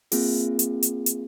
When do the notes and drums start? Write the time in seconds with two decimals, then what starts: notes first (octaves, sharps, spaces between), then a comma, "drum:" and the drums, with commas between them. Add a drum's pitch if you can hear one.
0.12 A#3 C4 F4 G#4, drum: open hi-hat
0.59 drum: hi-hat
0.83 drum: hi-hat
1.06 drum: hi-hat